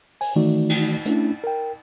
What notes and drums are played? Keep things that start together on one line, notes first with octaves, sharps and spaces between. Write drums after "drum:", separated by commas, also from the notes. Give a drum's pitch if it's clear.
G#5, drum: open hi-hat
D#3 E3 A3 D#4 F#4 D5
drum: cymbal
A3 C#4 D4 E4, drum: hi-hat
A#4 G5